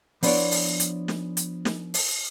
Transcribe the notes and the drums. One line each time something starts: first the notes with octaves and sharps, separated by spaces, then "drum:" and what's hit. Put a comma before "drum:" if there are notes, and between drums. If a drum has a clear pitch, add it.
F3 B3 D4 E4 C#5 D5, drum: open hi-hat
drum: open hi-hat
drum: hi-hat
drum: snare
drum: hi-hat
drum: snare
drum: open hi-hat